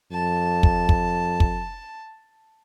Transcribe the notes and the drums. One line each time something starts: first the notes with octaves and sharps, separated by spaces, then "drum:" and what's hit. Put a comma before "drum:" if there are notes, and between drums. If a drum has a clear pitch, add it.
F2 A5
drum: kick
drum: kick
drum: kick